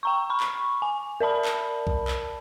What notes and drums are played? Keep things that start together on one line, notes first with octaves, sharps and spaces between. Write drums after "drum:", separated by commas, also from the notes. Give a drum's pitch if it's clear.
G5 A#5 C#6
B5 C#6
drum: clap
G#5
A#4 D5 A5 B5
drum: clap
drum: kick B1
drum: clap